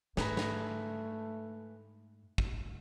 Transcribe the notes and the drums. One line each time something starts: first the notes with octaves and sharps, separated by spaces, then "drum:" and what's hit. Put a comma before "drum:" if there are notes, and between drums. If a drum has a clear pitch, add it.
G#2 A3 G#4 B4 A#5, drum: snare
drum: snare
drum: kick